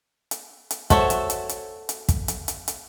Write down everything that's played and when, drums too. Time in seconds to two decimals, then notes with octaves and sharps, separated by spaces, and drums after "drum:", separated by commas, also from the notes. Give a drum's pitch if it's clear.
0.31 drum: hi-hat
0.71 drum: hi-hat
0.90 F#4 A4 C5 C#5 E5, drum: kick, hi-hat
1.10 drum: hi-hat
1.30 drum: hi-hat
1.49 drum: hi-hat
1.89 drum: hi-hat
2.08 drum: kick, hi-hat
2.28 drum: hi-hat
2.48 drum: hi-hat
2.68 drum: hi-hat